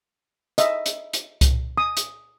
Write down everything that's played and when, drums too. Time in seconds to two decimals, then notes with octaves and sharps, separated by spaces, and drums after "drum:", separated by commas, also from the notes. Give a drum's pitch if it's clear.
0.58 D#5 E5, drum: hi-hat
0.86 drum: hi-hat
1.13 drum: hi-hat
1.41 drum: kick C2, hi-hat
1.78 D#6
1.97 drum: hi-hat